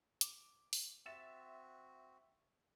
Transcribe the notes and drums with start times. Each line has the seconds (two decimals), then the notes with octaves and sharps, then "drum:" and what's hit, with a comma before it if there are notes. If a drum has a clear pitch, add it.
0.21 D6, drum: hi-hat
0.73 drum: open hi-hat
1.06 C4 F#4 E5 A6 E7